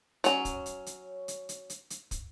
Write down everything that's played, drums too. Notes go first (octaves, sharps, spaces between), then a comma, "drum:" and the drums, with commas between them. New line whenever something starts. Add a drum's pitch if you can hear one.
F#3 C#4, drum: hi-hat
drum: kick, hi-hat
drum: hi-hat
drum: hi-hat
drum: hi-hat
drum: hi-hat
drum: hi-hat
drum: hi-hat
drum: kick, hi-hat